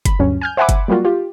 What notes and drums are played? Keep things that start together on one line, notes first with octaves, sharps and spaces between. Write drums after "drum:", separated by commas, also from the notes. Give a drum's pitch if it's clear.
B5, drum: kick F#1, hi-hat
D2 G2 F#3 C#4
G#5 F6 G6
C5 E5 F#5 G#5 B5 D6
drum: kick F#1, hi-hat
F#3 G3 A#3 F4 F#4
F4 G4